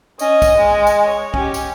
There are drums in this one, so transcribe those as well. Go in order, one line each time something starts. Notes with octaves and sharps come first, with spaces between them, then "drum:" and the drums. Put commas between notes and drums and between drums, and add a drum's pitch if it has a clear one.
C#4 D#5, drum: tambourine
drum: kick, tambourine
G#3
drum: tambourine
C#5
C#4 G4, drum: kick
drum: tambourine